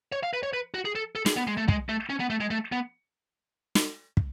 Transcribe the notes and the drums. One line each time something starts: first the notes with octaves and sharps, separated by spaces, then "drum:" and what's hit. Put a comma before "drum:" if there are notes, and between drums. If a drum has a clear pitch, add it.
C#5
F5
B4
C#5
B4
F#4
G#4
A4
A4
G#4, drum: snare
B3
G#3
A3
G#3, drum: kick
A3
C#4
B3
A3
G#3
A3
B3
drum: snare
drum: kick